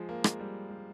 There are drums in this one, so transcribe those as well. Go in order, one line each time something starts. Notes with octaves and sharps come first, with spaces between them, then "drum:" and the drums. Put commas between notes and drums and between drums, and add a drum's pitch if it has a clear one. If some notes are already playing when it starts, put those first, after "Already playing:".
Already playing: F3 G#3
A#3
G#3, drum: rim click
G3
G3